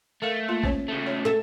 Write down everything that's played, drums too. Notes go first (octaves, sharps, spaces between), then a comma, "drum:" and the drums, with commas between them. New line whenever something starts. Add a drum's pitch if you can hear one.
A3 A4 A#4 F5
A#3 F4
C#4 C5 C#5, drum: kick
C#3 A3
C#5
A4 E5